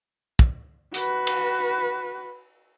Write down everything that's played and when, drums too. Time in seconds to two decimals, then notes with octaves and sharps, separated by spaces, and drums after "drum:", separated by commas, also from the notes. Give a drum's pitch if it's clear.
0.39 drum: kick
0.94 F#4 B4, drum: hi-hat
1.27 drum: cymbal